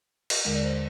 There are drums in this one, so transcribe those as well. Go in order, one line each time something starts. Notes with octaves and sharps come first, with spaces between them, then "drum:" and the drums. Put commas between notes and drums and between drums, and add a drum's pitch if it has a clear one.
drum: cymbal
D#2 D3 G#3 A#4
D5
C5